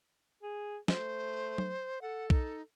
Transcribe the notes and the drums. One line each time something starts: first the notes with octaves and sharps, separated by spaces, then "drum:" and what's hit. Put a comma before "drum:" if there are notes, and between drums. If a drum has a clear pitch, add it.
G#4
A3 C5, drum: snare
drum: tom F#3
A4 F#5
D#4, drum: kick B1